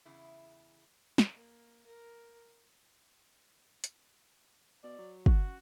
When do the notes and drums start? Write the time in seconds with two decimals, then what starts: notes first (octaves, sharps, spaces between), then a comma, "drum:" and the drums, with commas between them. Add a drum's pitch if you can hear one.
0.06 E2 C#3 E4
1.18 drum: snare
1.32 A#3
1.86 A#4
3.84 drum: hi-hat
4.83 B2 D5
4.98 F#3
5.26 F#4, drum: kick
5.45 F#2